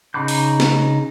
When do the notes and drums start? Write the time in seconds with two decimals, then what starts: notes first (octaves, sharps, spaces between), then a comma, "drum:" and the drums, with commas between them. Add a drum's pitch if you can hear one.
0.14 C#3 D#4 B5 D6 G6
0.28 drum: open hi-hat
0.60 drum: snare